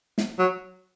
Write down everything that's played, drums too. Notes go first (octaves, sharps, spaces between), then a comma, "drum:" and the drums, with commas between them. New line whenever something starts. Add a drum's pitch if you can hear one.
drum: snare
F#3